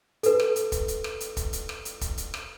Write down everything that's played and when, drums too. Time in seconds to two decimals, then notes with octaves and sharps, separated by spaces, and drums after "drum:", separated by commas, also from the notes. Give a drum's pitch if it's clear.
0.23 A4 B4, drum: hi-hat
0.40 drum: rim click
0.56 drum: hi-hat
0.72 drum: kick, hi-hat
0.88 drum: hi-hat
1.04 drum: rim click
1.20 drum: hi-hat
1.37 drum: kick, hi-hat
1.53 drum: hi-hat
1.69 drum: rim click
1.85 drum: hi-hat
2.01 drum: kick, hi-hat
2.18 drum: hi-hat
2.34 drum: rim click